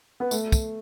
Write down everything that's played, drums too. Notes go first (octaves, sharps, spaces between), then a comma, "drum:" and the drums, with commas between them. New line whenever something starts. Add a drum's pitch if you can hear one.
B3
A3, drum: tambourine
drum: kick, tambourine